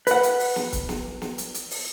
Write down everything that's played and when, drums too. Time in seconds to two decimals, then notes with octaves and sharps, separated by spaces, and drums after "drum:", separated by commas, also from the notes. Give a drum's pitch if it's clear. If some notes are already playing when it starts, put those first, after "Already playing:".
0.07 B4 F#5, drum: hi-hat
0.23 drum: hi-hat
0.40 drum: open hi-hat
0.56 drum: snare
0.72 drum: kick C#1, hi-hat
0.89 drum: snare
1.22 drum: snare
1.38 drum: hi-hat
1.54 drum: hi-hat
1.71 drum: open hi-hat